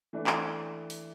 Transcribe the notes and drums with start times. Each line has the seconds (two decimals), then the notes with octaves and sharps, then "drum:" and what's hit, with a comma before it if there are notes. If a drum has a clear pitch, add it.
0.13 E3 A3 D4
0.27 drum: clap
0.90 drum: open hi-hat